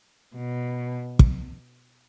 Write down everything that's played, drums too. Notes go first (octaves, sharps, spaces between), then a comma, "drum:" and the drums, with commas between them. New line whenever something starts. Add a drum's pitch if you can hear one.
B2
drum: kick